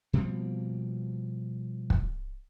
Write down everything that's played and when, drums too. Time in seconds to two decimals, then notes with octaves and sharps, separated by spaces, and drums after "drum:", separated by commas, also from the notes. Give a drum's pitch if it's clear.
0.13 B2 F3 G3 A#3
1.90 drum: kick